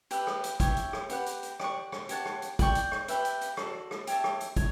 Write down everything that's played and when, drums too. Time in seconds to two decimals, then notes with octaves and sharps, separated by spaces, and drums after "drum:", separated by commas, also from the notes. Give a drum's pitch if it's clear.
0.11 G4 B4 E5, drum: hi-hat
0.27 drum: rim click
0.44 drum: hi-hat
0.60 G4 C#5 E5, drum: kick, hi-hat
0.77 drum: hi-hat
0.93 drum: rim click
1.10 G4 B4 F#5, drum: hi-hat
1.26 drum: hi-hat
1.43 drum: hi-hat
1.60 G4 D5 F#5 C#6, drum: rim click
1.92 drum: rim click
2.09 G4 C#5 F#5 A5, drum: hi-hat
2.25 drum: rim click
2.42 drum: hi-hat
2.59 D5 G5 C#6, drum: kick, hi-hat
2.75 drum: hi-hat
2.92 drum: rim click
3.08 G4 B4 E5, drum: hi-hat
3.25 drum: hi-hat
3.41 drum: hi-hat
3.57 F#4 A4 D5, drum: rim click
3.91 drum: rim click
4.07 G4 C#5 E5 A5, drum: hi-hat
4.24 drum: rim click
4.41 drum: hi-hat
4.56 C#5, drum: kick, hi-hat